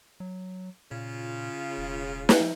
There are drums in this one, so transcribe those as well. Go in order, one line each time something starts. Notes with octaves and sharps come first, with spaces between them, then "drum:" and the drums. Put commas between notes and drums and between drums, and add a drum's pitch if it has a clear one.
F#3
A#2 C#3 F4
E1
drum: snare
F3